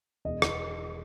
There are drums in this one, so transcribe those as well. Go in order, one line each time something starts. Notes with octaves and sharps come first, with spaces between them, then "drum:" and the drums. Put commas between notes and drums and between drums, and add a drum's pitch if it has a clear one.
E1 D#5
E1, drum: rim click